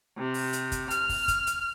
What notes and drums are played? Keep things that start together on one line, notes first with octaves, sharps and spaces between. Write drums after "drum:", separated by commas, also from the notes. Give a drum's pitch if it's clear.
C3
drum: open hi-hat
drum: hi-hat
drum: kick, hi-hat
F6, drum: hi-hat
drum: kick, open hi-hat
drum: kick, hi-hat
drum: hi-hat